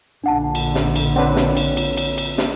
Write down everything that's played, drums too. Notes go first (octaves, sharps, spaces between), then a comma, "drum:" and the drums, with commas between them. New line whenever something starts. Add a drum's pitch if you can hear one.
A#1 D3 D4 F#5 A5
drum: cymbal
drum: snare
drum: cymbal
C4 D4 B4 C#5 F#5
drum: snare
drum: cymbal
drum: cymbal
drum: cymbal
drum: cymbal
drum: snare